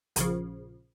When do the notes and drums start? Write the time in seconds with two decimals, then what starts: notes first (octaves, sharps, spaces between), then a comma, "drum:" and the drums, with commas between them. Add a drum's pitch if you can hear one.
0.16 A#1 C#3 F3, drum: hi-hat